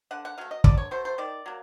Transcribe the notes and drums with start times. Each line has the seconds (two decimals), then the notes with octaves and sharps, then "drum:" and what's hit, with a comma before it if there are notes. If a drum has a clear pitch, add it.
0.11 D3 F#5
0.25 F#5
0.38 F#3 A3 F5
0.51 D#5
0.64 D3 D5, drum: kick
0.77 C#5
0.91 F#3 A3 C5
1.05 C5
1.18 D#3 D5
1.46 F#3 A#3